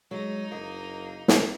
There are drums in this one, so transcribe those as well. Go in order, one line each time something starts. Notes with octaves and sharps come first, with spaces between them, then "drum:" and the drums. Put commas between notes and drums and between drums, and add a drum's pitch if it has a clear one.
F#3 G#3 D#4
F#1 A#3 D#5
drum: snare